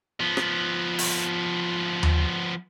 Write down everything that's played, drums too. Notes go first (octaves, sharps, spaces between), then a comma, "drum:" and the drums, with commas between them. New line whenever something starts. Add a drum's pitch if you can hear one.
F3 B3
drum: rim click
drum: open hi-hat
drum: tom D#2